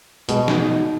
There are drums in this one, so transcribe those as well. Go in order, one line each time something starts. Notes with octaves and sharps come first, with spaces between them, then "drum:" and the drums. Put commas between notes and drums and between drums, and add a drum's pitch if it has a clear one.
B2 G#3, drum: hi-hat
D#4, drum: snare